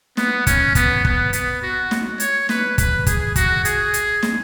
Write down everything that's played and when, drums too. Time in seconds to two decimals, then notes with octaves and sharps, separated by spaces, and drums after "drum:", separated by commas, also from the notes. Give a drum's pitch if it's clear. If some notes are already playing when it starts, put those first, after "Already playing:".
0.17 B3, drum: snare
0.47 C#4, drum: kick, hi-hat
0.75 B3, drum: kick, hi-hat
1.05 B3, drum: kick
1.33 B3, drum: hi-hat
1.62 F#4
1.91 drum: snare
2.20 C#5, drum: hi-hat
2.49 B4, drum: snare
2.78 B4, drum: kick, hi-hat
3.07 G#4, drum: kick, hi-hat
3.36 F#4, drum: kick, hi-hat
3.65 G#4, drum: hi-hat
3.94 drum: hi-hat
4.23 drum: snare